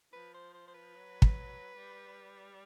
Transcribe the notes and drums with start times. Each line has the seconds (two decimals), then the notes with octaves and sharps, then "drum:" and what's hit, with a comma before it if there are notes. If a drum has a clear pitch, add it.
0.12 F3 B4
0.34 C5
0.54 C5
0.67 C5
0.74 B4
0.95 F#3
1.22 drum: kick
1.76 G3